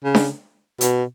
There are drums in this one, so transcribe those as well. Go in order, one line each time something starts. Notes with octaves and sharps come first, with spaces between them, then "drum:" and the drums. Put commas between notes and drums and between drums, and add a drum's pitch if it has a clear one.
C#3
drum: snare D4
B2, drum: hi-hat